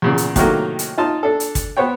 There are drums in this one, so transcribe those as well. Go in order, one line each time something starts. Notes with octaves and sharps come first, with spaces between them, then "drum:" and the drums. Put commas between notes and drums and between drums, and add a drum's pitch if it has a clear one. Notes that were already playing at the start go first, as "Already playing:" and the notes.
E2 A#2 C#3
drum: hi-hat
A2 C3 D#3 F#3 A3 A#3, drum: kick, hi-hat
drum: hi-hat
D#4 F4 A5 C6
D4 A4
drum: hi-hat
drum: kick, hi-hat
B3 C5 C#5 G5